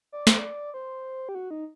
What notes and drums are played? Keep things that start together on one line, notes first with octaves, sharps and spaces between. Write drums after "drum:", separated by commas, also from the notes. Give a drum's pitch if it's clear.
D5
C5, drum: snare
D5
C5
G4
F#4
D#4